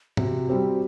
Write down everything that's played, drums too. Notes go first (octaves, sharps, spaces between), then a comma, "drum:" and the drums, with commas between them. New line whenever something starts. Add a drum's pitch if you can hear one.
C3 F#4, drum: tom G#2
G3 C4 G4